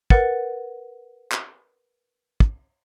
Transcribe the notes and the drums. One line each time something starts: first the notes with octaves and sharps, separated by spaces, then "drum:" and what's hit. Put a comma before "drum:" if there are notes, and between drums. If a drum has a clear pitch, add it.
A#4 B4 F#5 A6, drum: kick
drum: clap
drum: kick